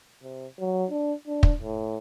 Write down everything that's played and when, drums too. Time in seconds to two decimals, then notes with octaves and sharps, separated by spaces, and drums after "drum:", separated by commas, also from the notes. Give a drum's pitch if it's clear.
0.23 C3
0.60 F#3
0.91 D4
1.27 D4
1.43 drum: kick
1.61 A2